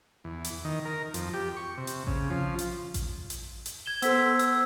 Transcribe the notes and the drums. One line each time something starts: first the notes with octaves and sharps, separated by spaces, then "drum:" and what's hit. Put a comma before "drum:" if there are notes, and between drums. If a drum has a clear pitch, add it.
E2
drum: hi-hat
D#3
A#4
F2, drum: hi-hat
G4
C#6
C3
drum: hi-hat
C#3, drum: kick A1
F3
drum: hi-hat
drum: kick A1, hi-hat
drum: hi-hat
drum: hi-hat
G#6 E7 G7
B3 A4 C5 E6 B6, drum: hi-hat
E6, drum: hi-hat